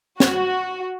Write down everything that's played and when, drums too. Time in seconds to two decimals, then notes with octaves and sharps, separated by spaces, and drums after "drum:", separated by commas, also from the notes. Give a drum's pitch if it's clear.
0.20 F#4, drum: snare